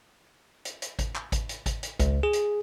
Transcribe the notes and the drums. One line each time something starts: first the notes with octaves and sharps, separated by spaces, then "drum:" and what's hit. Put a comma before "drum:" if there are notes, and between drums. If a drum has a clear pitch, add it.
drum: hi-hat
drum: hi-hat
drum: kick G#1, hi-hat
drum: clap
drum: kick G#1, hi-hat
drum: hi-hat
drum: kick G#1, hi-hat
drum: hi-hat
C#2, drum: kick G#1, hi-hat
G#4
drum: hi-hat